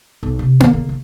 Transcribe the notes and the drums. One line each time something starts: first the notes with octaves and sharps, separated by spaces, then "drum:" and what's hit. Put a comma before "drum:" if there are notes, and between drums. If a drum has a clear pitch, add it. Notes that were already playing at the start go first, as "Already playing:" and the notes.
B1
C3
B3, drum: tom A#3
C#3
C#3